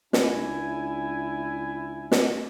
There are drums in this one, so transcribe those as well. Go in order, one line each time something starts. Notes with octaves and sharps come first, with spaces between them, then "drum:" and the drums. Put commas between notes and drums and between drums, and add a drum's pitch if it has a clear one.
C#2 D4 E4 G#5, drum: snare
drum: snare